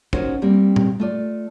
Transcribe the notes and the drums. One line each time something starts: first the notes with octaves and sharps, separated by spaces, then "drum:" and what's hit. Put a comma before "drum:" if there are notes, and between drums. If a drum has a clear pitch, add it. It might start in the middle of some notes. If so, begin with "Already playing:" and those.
C#4 D#4 F4 F#4 A#4 C5, drum: kick
G3 A#3 C4 G4
drum: tom A#2
A3 F4 D5